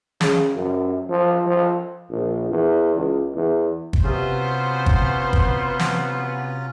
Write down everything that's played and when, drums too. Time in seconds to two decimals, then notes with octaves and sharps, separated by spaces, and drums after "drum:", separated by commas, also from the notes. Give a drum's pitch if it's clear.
0.21 C#3, drum: snare
0.56 F#2
1.10 F3
1.47 F3
2.10 A#1
2.50 E2
2.97 C#2
3.36 E2
3.93 drum: kick G1
4.04 C3 F#3 B3 C#4 F4 C5
4.86 drum: kick G1
5.33 drum: kick G1
5.79 drum: snare